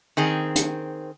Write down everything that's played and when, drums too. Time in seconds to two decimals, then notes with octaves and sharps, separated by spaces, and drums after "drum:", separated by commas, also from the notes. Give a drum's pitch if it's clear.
0.17 D#3 C4 G#4
0.56 drum: hi-hat